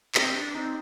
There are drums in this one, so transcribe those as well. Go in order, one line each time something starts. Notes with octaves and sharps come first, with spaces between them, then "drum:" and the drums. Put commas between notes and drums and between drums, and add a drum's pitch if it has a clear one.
C4 G4, drum: clap
D4
C4 D#4